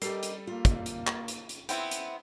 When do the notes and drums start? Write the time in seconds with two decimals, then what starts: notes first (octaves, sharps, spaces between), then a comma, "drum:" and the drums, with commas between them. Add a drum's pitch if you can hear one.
0.02 G3 G4 A4 A#4 D#5 C7, drum: hi-hat
0.23 drum: hi-hat
0.47 A#3 F4
0.65 drum: kick, hi-hat
0.86 drum: hi-hat
1.07 drum: clap
1.28 drum: hi-hat
1.49 drum: hi-hat
1.69 B3 C4 E4 G5, drum: hi-hat
1.91 drum: hi-hat